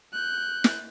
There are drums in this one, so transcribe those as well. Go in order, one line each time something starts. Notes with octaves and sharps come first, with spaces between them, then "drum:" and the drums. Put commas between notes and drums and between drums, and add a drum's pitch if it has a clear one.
F#6 G6
drum: snare